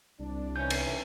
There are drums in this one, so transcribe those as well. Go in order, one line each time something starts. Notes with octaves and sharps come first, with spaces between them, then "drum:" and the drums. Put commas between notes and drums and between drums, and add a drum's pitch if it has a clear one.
C2 D4
D#3 E3 C#4 G6
drum: cymbal